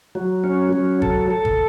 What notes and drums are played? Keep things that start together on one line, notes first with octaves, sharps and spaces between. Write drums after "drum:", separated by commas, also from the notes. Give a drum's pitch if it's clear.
F#3
C#4
F#3
A4, drum: kick
A4
drum: kick